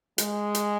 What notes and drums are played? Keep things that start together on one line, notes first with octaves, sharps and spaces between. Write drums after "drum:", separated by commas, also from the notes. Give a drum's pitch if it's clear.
G#3, drum: hi-hat
drum: hi-hat